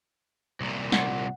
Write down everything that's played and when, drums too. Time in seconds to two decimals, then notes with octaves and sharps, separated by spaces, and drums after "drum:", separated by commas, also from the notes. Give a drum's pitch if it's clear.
0.61 C2 A#2
0.92 F#5, drum: snare